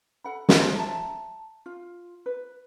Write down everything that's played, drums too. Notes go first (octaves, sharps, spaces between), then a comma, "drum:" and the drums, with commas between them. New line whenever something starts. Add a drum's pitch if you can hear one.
A4 F#5 B5
drum: snare
C5 A5
E5 A5 A#5
F4
B4